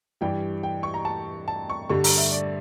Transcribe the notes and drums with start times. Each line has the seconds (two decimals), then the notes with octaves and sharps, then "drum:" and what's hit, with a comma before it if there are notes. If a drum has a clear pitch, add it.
0.21 G2 E3 G3 G5
0.63 G5
0.83 C#6
0.94 A#5
1.05 A5
1.48 A5
1.70 C#6
1.89 G2 D3 G3 C#6
2.04 A#5, drum: open hi-hat
2.18 E5
2.32 D5